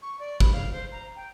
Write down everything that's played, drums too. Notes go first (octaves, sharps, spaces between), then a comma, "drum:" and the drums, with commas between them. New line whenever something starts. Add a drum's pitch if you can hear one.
C#6
D5
B5, drum: kick
F5
C5
A#5
G5